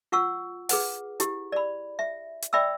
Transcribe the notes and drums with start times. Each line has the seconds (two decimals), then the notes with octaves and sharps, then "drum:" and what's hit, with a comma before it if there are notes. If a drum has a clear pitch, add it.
0.12 F4 F#5 C#6 E6
0.69 G#4 B4 F#5, drum: open hi-hat
1.20 E4 G4, drum: hi-hat
1.52 D5 B5
1.99 E5
2.42 drum: hi-hat
2.53 D5 E5 G5 B5 E6